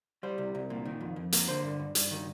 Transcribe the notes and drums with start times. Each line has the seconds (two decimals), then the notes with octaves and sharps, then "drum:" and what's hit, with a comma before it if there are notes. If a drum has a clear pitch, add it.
0.23 G3 C5
0.38 C2
0.55 C2
0.70 A#2
0.85 D#3
1.01 F2
1.16 F2
1.32 A#3, drum: hi-hat
1.48 D3 C5
1.63 G2
1.80 G2
1.95 G2, drum: hi-hat
2.11 D#3